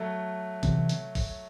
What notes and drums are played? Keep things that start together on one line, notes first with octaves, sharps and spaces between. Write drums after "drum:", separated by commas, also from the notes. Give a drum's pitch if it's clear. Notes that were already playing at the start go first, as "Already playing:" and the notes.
Already playing: F#3 A3
C3 E3 C4, drum: kick, hi-hat
drum: hi-hat
drum: kick, open hi-hat